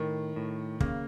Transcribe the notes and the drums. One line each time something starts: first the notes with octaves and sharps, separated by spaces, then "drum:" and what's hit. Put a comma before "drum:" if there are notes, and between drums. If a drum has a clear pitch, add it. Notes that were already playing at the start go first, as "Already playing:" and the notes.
Already playing: A2 D#3
A2
C#3 A#3, drum: kick